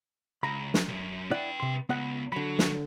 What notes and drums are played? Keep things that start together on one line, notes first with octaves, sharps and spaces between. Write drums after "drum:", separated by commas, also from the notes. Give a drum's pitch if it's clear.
C#2 A#5 B5
drum: snare
C2 F#2
E4 B4 D5 F#5 G5
C3 C6
C#2 B3 F#5
D3 F#3 B5
drum: snare